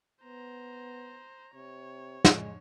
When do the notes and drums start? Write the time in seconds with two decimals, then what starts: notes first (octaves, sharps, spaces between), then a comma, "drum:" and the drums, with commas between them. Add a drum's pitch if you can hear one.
0.23 B3 C5 A#5
1.55 C3 C#5
2.24 G#3, drum: snare